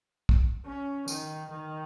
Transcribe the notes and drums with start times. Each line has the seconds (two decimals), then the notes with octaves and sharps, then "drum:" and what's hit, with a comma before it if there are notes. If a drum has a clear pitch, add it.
0.29 drum: kick
0.65 C#4
1.08 D#3, drum: tambourine
1.50 D#3